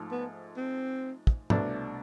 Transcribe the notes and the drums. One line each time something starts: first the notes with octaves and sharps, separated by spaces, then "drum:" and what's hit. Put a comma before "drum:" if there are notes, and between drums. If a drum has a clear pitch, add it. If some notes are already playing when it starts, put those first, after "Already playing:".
Already playing: G#2 F3 A3
B3
C4
drum: kick
C2 B2 A3 D4, drum: tom